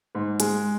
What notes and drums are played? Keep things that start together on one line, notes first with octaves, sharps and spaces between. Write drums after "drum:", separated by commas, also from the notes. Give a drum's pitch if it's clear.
G#2
G#3, drum: hi-hat